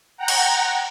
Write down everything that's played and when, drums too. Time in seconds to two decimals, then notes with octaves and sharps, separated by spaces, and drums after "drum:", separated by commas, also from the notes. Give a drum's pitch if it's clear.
0.17 F#5 G5 A#5
0.28 drum: cymbal